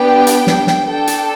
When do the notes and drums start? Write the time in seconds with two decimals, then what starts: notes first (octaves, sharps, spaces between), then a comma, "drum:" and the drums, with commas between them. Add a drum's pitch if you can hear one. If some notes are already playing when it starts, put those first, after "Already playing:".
Already playing: B3 D4 G4 G5
0.27 drum: hi-hat
0.47 drum: snare
0.67 drum: snare
0.87 D4 A4 G5
1.07 drum: hi-hat